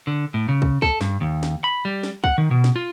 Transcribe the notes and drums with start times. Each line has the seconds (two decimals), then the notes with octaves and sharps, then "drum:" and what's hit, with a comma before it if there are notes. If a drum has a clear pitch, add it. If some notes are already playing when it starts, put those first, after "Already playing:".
0.07 D3
0.34 A2
0.49 C#3
0.62 drum: kick
0.82 A4, drum: kick
1.01 G2, drum: snare
1.21 D#2
1.43 drum: snare
1.64 B5
1.85 G3
2.03 drum: snare
2.24 F#5, drum: kick
2.38 D#3
2.51 B2
2.64 drum: snare
2.76 F4